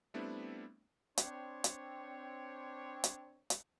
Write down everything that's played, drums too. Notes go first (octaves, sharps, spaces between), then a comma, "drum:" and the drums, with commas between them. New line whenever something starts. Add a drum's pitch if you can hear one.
G3 A3 B3 C4 D4 E4
C4 D4 C#5, drum: hi-hat
drum: hi-hat
drum: hi-hat
drum: hi-hat